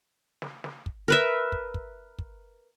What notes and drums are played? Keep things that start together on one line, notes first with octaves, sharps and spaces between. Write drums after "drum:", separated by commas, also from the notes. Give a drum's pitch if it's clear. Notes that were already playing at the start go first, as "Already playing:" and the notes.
drum: snare
drum: snare
drum: kick
A#4 B4 E5
drum: kick
drum: kick
drum: kick